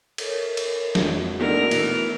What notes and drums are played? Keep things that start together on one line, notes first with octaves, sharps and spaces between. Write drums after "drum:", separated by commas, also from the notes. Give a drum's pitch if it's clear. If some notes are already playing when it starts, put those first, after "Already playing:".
A4 A#4 C#5, drum: cymbal
drum: cymbal
F2 D3 G#3 F#4, drum: snare
E2 A2 D3 A#3 D#4 A#4 D5
B2 E3 A3, drum: cymbal